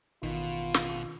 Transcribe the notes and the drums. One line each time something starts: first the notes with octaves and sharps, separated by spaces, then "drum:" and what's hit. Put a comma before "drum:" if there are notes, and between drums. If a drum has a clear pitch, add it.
A1 B2 D#3 F4
drum: snare